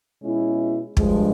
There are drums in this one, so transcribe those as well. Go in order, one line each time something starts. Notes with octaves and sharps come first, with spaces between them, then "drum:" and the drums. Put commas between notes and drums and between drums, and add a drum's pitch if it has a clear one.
B2 G#3 C#4 E4 G#4
G2 D3 F3 G#3, drum: kick